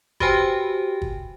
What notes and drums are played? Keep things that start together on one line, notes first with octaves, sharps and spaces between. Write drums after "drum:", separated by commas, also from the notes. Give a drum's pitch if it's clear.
F#4 G4 B4 C5 G5 G#5, drum: kick
drum: kick